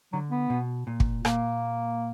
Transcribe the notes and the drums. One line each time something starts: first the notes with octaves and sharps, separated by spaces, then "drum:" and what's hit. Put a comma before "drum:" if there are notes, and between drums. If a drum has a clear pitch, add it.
D3 F#3
B3
B2
A#2
drum: kick
A#2 A#3, drum: rim click